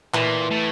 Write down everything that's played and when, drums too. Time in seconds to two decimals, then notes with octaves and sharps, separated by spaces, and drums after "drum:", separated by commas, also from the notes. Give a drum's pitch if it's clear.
0.14 A#2 E3, drum: clap
0.51 A2